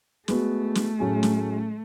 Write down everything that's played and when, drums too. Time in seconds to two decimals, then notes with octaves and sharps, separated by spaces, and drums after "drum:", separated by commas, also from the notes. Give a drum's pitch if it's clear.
0.28 G#3 A3 B3 F#4, drum: snare
0.75 drum: snare
0.99 A2 F#3 C#4 G#4
1.23 drum: snare